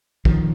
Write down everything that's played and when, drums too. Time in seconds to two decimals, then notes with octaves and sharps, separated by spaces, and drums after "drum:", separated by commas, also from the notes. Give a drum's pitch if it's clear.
0.25 D#3 F3, drum: kick